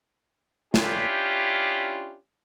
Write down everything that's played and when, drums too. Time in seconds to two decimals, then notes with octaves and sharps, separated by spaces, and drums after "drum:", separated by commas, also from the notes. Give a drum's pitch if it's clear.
0.74 C#4 D4 E4 F4 G4, drum: snare